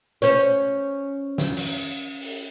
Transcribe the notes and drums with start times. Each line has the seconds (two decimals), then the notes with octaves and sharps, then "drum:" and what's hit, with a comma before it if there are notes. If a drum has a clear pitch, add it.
0.22 C#4 C5 C#5, drum: hi-hat
1.38 drum: snare
1.57 drum: cymbal
2.21 drum: open hi-hat